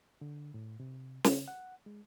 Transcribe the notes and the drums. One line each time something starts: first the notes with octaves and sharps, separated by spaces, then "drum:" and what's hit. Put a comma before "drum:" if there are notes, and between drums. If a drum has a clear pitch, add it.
D3
A2
C3
C#3, drum: snare
F#5
G#3